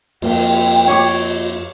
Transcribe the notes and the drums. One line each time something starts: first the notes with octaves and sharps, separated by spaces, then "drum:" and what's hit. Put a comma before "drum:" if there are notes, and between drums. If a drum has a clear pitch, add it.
F2 A#3 F4 D#5 G5, drum: cymbal
C#5 C#6 D6, drum: snare